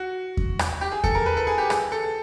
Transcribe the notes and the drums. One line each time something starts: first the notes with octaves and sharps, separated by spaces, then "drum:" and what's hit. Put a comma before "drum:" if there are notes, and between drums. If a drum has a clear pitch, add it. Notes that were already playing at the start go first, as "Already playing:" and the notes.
Already playing: F#4
drum: kick E2
drum: rim click
G4
G#4
A4, drum: kick E2
A#4
B4
A4
G#4
G4
G#4, drum: rim click
A4